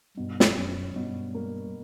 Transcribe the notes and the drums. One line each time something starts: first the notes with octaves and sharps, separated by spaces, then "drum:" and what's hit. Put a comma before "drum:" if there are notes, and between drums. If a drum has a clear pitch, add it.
G2 B2
drum: snare
F#2 C#4
G2 B2
A#3